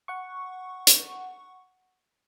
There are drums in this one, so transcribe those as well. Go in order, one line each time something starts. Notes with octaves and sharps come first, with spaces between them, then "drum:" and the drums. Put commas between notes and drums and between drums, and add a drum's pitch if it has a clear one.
F#5 C#6
drum: hi-hat